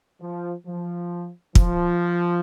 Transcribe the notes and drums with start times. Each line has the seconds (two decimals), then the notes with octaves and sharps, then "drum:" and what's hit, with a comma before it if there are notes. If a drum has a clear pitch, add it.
0.21 F3
0.66 F3
1.55 F3, drum: kick